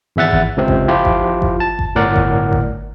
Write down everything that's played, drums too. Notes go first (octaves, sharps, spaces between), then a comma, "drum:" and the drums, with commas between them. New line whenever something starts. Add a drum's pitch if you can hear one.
G#1 E2 E5 F#5 A6
drum: kick G1
C#2 C3 C4
drum: kick G1
F3 E4 F4 G4
drum: kick G1
drum: kick G1
A5
drum: kick G1
G1 A2 A#4 D5 F#5
drum: kick G1
drum: kick G1